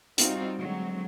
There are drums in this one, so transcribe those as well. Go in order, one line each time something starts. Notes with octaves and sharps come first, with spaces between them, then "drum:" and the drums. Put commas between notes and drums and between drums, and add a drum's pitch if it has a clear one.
G3 C4 D#4 F4 F#4, drum: hi-hat
D3 F#3 G#3 C4